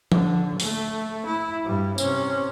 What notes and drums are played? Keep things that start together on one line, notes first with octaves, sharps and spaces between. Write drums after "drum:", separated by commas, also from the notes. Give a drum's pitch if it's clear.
D3, drum: tom F3
A3, drum: open hi-hat
E4
G2 G3
C3 C#4, drum: tambourine